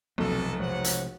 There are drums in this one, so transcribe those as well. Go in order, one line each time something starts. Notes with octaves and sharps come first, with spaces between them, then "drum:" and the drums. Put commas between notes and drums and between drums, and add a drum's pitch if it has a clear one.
F1 B1 F3 C4 A4
C3 F3 G#3 C5 C#5 F#5
drum: hi-hat